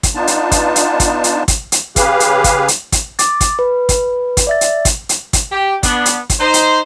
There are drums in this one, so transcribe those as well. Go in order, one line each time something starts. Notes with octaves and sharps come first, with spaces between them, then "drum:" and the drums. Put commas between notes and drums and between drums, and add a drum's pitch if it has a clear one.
drum: kick, hi-hat
B3 D4 D#4 F4 A5
drum: hi-hat
drum: kick, hi-hat
drum: hi-hat
drum: kick, hi-hat
drum: hi-hat
drum: kick, hi-hat
drum: hi-hat
C#3 G4 G#4 B4 F5, drum: kick, hi-hat
drum: hi-hat
drum: kick, hi-hat
drum: hi-hat
drum: kick, hi-hat
D6 A6, drum: hi-hat
drum: kick, hi-hat
B4
drum: kick, hi-hat
drum: kick, hi-hat
D5 E5 A6
drum: hi-hat
drum: kick, hi-hat
drum: hi-hat
drum: kick, hi-hat
G4
B3 D4, drum: kick, hi-hat
drum: hi-hat
drum: kick, hi-hat
D#4 C5
drum: hi-hat